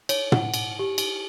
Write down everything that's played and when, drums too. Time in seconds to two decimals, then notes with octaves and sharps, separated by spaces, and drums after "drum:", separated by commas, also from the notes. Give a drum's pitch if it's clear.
0.09 C#5, drum: cymbal
0.32 F#5, drum: tom
0.54 drum: cymbal
0.79 G4
0.98 drum: cymbal